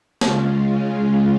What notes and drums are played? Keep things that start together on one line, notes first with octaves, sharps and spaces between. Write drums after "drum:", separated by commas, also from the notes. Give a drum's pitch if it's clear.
C#3 G#3 C#4 F4, drum: snare